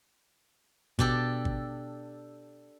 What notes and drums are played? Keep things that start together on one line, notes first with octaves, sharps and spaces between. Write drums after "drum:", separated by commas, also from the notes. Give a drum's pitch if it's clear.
B2 D4 G4 A4, drum: kick
drum: kick